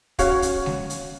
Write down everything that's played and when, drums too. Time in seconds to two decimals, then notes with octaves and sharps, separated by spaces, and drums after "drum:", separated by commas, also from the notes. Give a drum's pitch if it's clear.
0.19 C#4 F#4 C#5 F5, drum: kick, hi-hat
0.42 drum: hi-hat
0.66 drum: snare G#3
0.90 drum: hi-hat